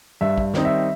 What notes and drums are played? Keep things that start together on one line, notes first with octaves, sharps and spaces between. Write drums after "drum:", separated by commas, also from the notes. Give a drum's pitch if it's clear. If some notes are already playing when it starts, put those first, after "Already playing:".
G2 E5
drum: kick
D#3 G3 C4 D#4, drum: snare
E5